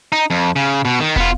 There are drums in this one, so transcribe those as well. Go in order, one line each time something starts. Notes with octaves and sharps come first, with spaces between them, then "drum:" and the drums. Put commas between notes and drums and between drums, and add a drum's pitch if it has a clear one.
D#4
F2
C#3
B2
D#3
B3 F4, drum: kick